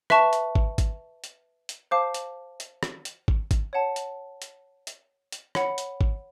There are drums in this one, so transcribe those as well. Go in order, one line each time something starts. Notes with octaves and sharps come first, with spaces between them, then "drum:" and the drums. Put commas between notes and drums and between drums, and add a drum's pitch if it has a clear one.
B4 E5 A5 C#6, drum: rim click
drum: hi-hat
drum: kick
drum: kick, hi-hat
drum: hi-hat
drum: hi-hat
C5 F5 A5 D6
drum: hi-hat
drum: hi-hat
drum: rim click
drum: hi-hat
drum: kick
drum: kick, hi-hat
C#5 F#5 A5
drum: hi-hat
drum: hi-hat
drum: hi-hat
drum: hi-hat
C#5 F#5 B5, drum: rim click
drum: hi-hat
drum: kick